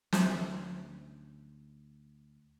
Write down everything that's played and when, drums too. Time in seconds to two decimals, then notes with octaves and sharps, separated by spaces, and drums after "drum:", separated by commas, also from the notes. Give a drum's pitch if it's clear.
0.13 D2 C#4 D4, drum: snare